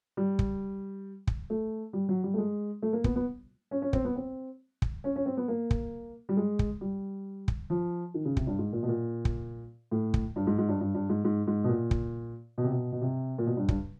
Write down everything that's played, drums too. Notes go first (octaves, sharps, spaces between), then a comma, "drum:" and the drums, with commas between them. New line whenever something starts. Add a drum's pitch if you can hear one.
G3
drum: kick
drum: kick
A3
G3
F#3
G3
A3
G#3
A3
A#3
B3, drum: kick
B3
C#4
C#4
C4, drum: kick
B3
C4
drum: kick
C#4
C#4
C4
B3
A#3
drum: kick
G3
G#3
drum: kick
G3
drum: kick
F3
D#3
C#3
C3, drum: kick
G2
G#2
A#2
B2
A#2
drum: kick
A2
drum: kick
G2
G#2
G#2
G2
G2
G2
G#2
G#2
G#2
B2
A#2
drum: kick
B2
C3
B2
B2
C3
A#2
B2
G2
G2, drum: kick